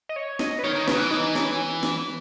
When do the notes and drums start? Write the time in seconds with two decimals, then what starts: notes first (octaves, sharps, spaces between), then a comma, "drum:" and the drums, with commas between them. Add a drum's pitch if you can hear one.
0.09 D#5
0.16 C#5
0.39 D#5, drum: snare
0.59 B4
0.64 D#3 C#5
0.75 D#3
0.88 C#3 B4, drum: snare
0.99 E3
1.11 D#4
1.35 C#4, drum: snare
1.83 drum: snare